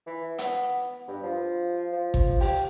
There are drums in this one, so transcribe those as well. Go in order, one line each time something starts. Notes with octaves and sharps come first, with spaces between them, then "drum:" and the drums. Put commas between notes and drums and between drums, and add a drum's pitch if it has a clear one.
E3
B3, drum: hi-hat
G2
F3
F3
drum: kick G#1
G4, drum: open hi-hat